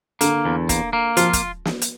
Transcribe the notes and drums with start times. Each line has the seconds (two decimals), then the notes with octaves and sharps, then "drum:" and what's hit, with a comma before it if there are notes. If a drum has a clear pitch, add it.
0.21 D3 A#3, drum: hi-hat
0.45 E2
0.69 A#3, drum: kick, hi-hat
0.93 A#3
1.17 F3 F4, drum: hi-hat
1.33 drum: kick, hi-hat
1.65 drum: snare
1.82 drum: hi-hat